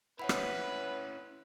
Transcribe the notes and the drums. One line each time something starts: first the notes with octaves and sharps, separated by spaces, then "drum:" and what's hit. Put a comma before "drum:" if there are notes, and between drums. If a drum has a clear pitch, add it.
C#4 E4 B4 C#5 F#5 B5
drum: rim click